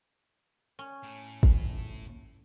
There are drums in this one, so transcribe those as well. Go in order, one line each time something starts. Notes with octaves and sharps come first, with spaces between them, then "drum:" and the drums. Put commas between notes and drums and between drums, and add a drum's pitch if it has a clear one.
C#4
A2
drum: kick